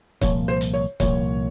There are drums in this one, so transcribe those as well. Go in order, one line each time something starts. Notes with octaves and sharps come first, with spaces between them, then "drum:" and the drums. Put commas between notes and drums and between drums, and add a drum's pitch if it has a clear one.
C2 A#2 F3 A#3 C#5, drum: kick, hi-hat
C5
drum: hi-hat
C#5
C2 A#2 F3 A#3 C#5, drum: kick, hi-hat